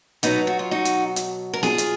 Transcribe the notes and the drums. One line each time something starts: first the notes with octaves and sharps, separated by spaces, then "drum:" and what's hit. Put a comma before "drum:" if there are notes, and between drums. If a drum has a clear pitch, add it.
B2 F#3 B3 D#4, drum: hi-hat
F#4
F4
D#4 F#4
drum: hi-hat
drum: hi-hat
A#4
F4 G#4, drum: snare
drum: hi-hat